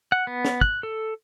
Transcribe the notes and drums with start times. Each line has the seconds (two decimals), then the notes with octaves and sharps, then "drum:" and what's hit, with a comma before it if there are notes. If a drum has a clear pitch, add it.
0.12 F#5
0.27 B3
0.45 drum: snare
0.61 F#6, drum: kick
0.83 A4